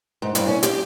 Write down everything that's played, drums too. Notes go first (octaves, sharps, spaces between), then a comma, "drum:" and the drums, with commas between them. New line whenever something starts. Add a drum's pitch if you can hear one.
G#2
G2, drum: hi-hat
C#4
G4, drum: hi-hat